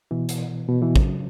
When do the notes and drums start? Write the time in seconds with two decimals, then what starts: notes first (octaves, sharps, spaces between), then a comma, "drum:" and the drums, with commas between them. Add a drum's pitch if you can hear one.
0.11 B2 E3
0.29 drum: hi-hat
0.68 B2
0.82 B2 E3
0.96 C#3 F#3, drum: kick